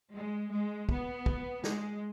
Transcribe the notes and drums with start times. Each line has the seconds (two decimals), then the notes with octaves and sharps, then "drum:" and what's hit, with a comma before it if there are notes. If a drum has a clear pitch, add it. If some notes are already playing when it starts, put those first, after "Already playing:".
0.13 G#3
0.51 G#3
0.89 B3, drum: kick
1.26 drum: kick
1.64 G#3, drum: snare